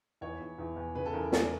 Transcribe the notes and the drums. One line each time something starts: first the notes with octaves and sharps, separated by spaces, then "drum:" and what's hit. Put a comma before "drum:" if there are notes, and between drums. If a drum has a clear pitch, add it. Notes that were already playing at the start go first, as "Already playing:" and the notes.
E2 C#5
E2
E2
E2
C#3 B4
A4
E2 A#4
E2 D5, drum: snare